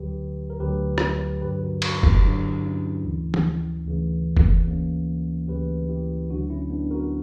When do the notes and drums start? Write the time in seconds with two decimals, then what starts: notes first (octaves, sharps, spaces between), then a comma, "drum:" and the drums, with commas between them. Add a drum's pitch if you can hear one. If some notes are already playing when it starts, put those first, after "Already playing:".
Already playing: D2 D3 F#3 G4 B4
0.50 A#4
0.60 D2 D3 F#3 G4 B4
0.98 drum: rim click
1.42 G2 D3 F#3 G4 B4
1.62 F#4 A#4
1.82 F#4 A#4, drum: cymbal
2.03 E4 G4, drum: kick F#1
2.23 G2 D3 F#3 D4 F#4
2.63 C#4 E4
3.04 D2 C#3 E3
3.34 drum: tom
3.86 D2 C#3 E3
4.37 drum: kick F#1
4.66 D2 C#3 E3 A#3 C#4
5.48 D2 C#3 E3 G4 B4
5.89 E4 G4
6.30 D2 D3 F#3 D4 F#4
6.50 C#4 E4
6.70 B3 D4
6.91 F#4 A#4